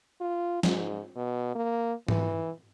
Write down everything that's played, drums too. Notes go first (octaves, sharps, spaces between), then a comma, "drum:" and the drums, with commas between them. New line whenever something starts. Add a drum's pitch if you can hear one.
F4
G#2, drum: snare
B2
A#3
E3, drum: tom G#2